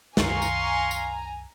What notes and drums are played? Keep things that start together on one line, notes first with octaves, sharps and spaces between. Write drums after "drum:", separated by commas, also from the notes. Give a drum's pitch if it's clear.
C2 F#2 D#3 F5 G#5 A#5 C6 C#6, drum: snare
drum: tambourine
drum: tambourine